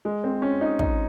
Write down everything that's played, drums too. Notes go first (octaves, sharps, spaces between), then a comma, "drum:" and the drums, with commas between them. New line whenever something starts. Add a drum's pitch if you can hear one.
G#3
C4
C#4
D#4
D#4, drum: kick